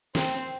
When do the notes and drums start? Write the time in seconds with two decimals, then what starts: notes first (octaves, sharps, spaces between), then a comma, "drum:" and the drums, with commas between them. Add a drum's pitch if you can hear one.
0.15 C4, drum: snare